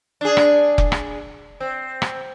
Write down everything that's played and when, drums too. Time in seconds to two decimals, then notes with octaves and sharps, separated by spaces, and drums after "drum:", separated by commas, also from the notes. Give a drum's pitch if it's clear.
0.21 D4 G#4
0.37 drum: rim click
0.78 drum: kick F1
0.92 drum: rim click
1.60 C4
2.02 drum: rim click